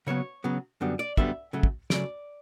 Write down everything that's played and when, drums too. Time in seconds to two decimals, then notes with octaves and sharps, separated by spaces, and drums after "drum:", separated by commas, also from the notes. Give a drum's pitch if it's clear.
0.07 C#3 F#3 B3 C#5
0.44 C#3 F#3 B3
0.81 F#2 D3 G3 B3
0.99 D5
1.17 F#2 D3 G3 B3 E5, drum: kick
1.53 C#3 F#3 A3
1.63 drum: kick
1.90 C#3 F#3 A3 D5, drum: snare